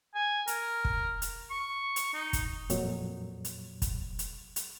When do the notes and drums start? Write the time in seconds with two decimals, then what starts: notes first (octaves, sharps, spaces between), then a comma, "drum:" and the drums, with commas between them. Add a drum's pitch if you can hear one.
0.14 G#5
0.47 A#4, drum: hi-hat
0.85 drum: kick
1.22 drum: hi-hat
1.50 C#6
1.96 drum: hi-hat
2.13 D#4
2.33 drum: kick, hi-hat
2.70 F2 A#2 F#3, drum: hi-hat
3.45 drum: hi-hat
3.82 drum: kick, hi-hat
4.19 drum: hi-hat
4.56 drum: hi-hat